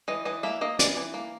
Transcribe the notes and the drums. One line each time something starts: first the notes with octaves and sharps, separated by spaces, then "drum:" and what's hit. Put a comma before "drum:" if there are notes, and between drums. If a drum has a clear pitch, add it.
E3 D#5
E3 D#5
A#3 E5
A#3 D#5
E3 D5, drum: hi-hat
E3
A#3